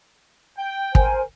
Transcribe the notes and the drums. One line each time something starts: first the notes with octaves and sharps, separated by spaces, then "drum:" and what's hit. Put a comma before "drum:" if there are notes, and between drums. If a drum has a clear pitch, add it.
G5
A#4 C5 G#5, drum: kick